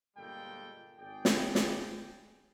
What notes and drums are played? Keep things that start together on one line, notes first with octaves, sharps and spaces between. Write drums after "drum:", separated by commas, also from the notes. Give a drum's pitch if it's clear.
G1 A#2 G3 G#3 A4 G5
G#1 G#4 D5 G5
drum: snare
drum: snare